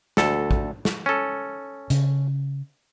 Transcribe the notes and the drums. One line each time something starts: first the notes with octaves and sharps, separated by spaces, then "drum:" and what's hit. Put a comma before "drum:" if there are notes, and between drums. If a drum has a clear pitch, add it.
D2 A4, drum: snare
drum: kick
drum: snare
C#4 A4
C#3, drum: hi-hat